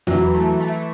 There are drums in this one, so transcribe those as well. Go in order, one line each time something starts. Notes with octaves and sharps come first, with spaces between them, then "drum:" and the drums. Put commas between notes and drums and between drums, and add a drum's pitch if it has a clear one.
E3 F#3, drum: tom E2
A3
A3